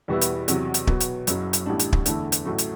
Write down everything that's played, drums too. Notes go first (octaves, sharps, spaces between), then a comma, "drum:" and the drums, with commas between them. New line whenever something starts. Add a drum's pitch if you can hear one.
E2 B2 G3 B3 E4
drum: hi-hat
E2 C3 F#3, drum: hi-hat
drum: hi-hat
B2 F#3 B3, drum: kick
drum: hi-hat
F#1 F#2 F#3, drum: hi-hat
drum: hi-hat
A1 A2 G3 D4
drum: hi-hat
drum: kick
E2 D3 A3 E4, drum: hi-hat
drum: hi-hat
A1 A2 F#3 A3
drum: hi-hat